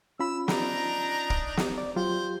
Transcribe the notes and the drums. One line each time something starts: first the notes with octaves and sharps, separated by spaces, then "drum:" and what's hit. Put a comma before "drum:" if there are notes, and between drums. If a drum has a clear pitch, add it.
C#4 F4 B5 E6
D4 D#4 A#5, drum: snare
drum: kick
drum: snare
D5
F#3 F4 G4 C5 C6